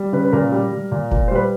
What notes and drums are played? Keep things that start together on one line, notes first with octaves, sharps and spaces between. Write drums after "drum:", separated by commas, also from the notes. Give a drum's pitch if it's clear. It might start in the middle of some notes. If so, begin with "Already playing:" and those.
Already playing: G3
C#3 B4
B4
A#2 A#4
G3
G3
A#2
A#2, drum: kick F1
C5
G3 B4